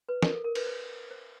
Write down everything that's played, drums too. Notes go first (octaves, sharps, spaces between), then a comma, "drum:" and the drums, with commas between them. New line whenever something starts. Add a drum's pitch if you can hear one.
B4
A#4, drum: snare
A4
A#4
B4, drum: cymbal
C5
C5